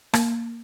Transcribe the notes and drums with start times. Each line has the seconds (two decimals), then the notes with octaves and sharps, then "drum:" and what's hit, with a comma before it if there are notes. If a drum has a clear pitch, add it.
0.14 A#3, drum: rim click